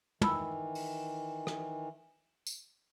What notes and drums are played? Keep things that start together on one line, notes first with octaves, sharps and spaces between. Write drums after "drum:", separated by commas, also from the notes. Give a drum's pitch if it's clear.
D#3 E3 A5 B5 E6, drum: tom
drum: open hi-hat
drum: rim click
drum: tambourine